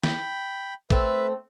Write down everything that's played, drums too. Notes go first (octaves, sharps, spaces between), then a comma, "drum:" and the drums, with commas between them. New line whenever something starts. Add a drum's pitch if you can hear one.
G5 B5, drum: snare
A3 C4 B4 E5, drum: kick